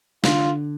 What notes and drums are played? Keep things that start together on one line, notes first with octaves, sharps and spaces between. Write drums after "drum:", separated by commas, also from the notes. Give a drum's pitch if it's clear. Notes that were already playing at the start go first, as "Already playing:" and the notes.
D3 F4, drum: snare